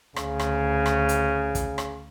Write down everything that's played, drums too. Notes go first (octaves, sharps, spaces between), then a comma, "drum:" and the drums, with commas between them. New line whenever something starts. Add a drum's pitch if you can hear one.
D2 C#3, drum: rim click
drum: rim click
drum: rim click
drum: hi-hat
drum: kick, hi-hat
drum: rim click